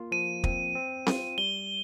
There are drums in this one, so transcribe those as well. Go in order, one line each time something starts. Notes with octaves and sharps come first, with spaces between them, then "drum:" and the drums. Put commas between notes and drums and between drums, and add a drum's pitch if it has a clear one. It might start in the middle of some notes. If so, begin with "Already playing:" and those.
Already playing: A#3 F4
F3 D#7
C4, drum: kick
C4
F4, drum: snare C4
G3 G7